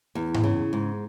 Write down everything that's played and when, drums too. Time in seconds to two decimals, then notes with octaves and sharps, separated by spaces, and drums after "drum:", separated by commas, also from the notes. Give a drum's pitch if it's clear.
0.15 E2
0.34 drum: tom G#2
0.43 C#3
0.73 G#2